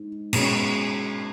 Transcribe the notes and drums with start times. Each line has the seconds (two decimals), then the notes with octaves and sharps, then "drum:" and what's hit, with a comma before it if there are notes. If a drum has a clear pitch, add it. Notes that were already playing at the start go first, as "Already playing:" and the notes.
Already playing: G#2
0.33 B2 G#3 C#4, drum: cymbal